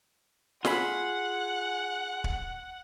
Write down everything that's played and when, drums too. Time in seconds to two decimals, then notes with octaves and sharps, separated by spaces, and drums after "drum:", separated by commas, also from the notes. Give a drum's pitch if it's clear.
0.65 F4 G#4 F#5 B5, drum: snare
2.24 drum: kick